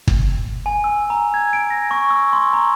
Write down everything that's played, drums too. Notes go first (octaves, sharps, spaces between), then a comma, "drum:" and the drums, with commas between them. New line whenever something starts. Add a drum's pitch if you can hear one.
drum: kick
G#5
E6
A#5
G#6
D7
A#6
C#6
E6
C6
A#5